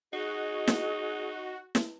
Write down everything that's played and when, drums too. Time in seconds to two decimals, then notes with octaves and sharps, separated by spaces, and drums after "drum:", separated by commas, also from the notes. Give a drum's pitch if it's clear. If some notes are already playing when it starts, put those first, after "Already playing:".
0.13 D#4 F#4 G#4 D#5
0.67 drum: snare
1.75 drum: snare